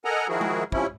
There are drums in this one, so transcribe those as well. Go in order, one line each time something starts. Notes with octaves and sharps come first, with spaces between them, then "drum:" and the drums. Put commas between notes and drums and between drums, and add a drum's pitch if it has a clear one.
A4 A#4 D#5 F#5 G#5 A#5
D#3 F3 E4 F#4 G#4 A#4
drum: tom G#3
C3 F3 C#4 E4, drum: kick